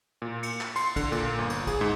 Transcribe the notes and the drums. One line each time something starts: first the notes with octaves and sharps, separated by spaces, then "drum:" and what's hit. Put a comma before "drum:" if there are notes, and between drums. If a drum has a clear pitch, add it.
A#2
C#7, drum: cymbal
drum: clap
C6, drum: cymbal
D3, drum: kick, cymbal
A#2, drum: cymbal
G1
drum: cymbal
G#4, drum: kick, cymbal
G#2